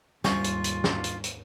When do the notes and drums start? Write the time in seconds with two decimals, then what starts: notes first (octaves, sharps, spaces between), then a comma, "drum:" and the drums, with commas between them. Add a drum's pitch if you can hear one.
0.24 D#2 G#2 G3 F4 C5 G#5 C#6, drum: snare
0.44 drum: hi-hat
0.64 drum: hi-hat
0.84 drum: snare
1.04 drum: hi-hat
1.24 drum: hi-hat